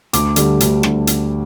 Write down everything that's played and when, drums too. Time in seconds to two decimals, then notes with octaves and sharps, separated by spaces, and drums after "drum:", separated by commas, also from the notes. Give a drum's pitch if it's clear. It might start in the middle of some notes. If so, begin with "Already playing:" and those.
0.13 D2 D6, drum: hi-hat
0.36 D3 G3, drum: hi-hat
0.60 D2, drum: hi-hat
0.83 D3 G3, drum: rim click
1.07 drum: hi-hat